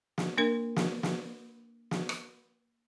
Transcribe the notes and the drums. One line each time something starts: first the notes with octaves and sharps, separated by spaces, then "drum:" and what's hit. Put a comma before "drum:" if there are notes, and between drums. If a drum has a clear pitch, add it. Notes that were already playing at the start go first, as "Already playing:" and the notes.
drum: snare
A#3 D4 A#4
drum: snare
drum: snare
drum: snare
drum: rim click